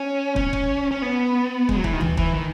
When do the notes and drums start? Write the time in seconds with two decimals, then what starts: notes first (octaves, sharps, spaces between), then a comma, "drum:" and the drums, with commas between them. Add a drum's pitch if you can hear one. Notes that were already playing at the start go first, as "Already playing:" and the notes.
Already playing: C#4
0.36 C#4, drum: kick
0.53 drum: kick
0.91 C#4
1.02 B3
1.69 G#3, drum: kick
1.76 F#3
1.84 E3, drum: kick
1.93 D#3
2.01 E3, drum: tom D2
2.17 E3, drum: kick
2.34 D#3